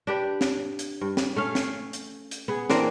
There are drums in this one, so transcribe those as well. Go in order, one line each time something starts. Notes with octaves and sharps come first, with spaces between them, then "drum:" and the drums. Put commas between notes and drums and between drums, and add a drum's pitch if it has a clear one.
D4 G4 B4
drum: snare
drum: hi-hat
G2
drum: snare
A3 C#4 F5
drum: snare
drum: hi-hat
drum: hi-hat
B3 G#4
E3 A#3 C4 D4, drum: snare